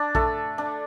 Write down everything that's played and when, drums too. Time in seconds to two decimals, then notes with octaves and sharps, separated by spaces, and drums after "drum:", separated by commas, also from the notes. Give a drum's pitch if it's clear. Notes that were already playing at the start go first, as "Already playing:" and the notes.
Already playing: D4 D5
0.15 A3 A4, drum: kick A#1
0.58 D4